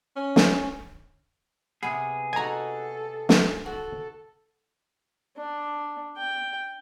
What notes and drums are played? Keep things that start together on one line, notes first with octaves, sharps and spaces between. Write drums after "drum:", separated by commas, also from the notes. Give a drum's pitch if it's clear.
C#4
drum: snare
C3 B3 G#4
F#4 A4 D#5 G#5 A#5
drum: snare
F#4 A4
D4
G5